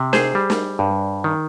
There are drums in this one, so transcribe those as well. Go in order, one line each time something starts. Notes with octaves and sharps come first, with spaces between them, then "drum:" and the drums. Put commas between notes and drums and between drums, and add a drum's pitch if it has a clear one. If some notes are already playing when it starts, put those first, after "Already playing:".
Already playing: C3
G#4 C5, drum: snare
G3
drum: snare
G2
D#3